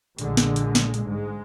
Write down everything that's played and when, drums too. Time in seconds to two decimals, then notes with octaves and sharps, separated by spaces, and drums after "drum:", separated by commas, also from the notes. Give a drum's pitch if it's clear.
0.18 A#1 A#2 D3 G#3, drum: hi-hat
0.37 drum: snare
0.56 drum: hi-hat
0.75 drum: snare
0.94 drum: hi-hat
1.07 G#2 G#3